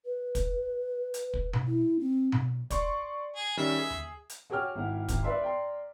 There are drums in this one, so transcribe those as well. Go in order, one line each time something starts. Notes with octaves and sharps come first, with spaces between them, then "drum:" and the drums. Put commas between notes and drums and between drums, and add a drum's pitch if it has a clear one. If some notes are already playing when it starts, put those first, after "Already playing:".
B4
drum: kick, hi-hat
drum: hi-hat
drum: kick
drum: tom B2
E4
C4
drum: tom B2
D5 C6 C#6, drum: kick, hi-hat
G#4
D#3 G3 C#4 E5
G#4
drum: tom D#2
drum: hi-hat
F#4 G#4 C#5 G5 D6 F6
G#1 E4 F#5
G#1, drum: kick, hi-hat
B4 D5 E5 C6
D5 G5 A#5 C6